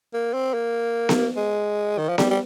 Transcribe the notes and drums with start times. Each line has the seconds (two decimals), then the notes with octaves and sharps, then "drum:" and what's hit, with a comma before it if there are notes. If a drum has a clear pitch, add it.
0.13 A#3
0.34 C4
0.54 A#3
1.09 drum: snare B3
1.37 G#3
1.98 D#3
2.09 F3
2.18 G3, drum: snare B3
2.30 G3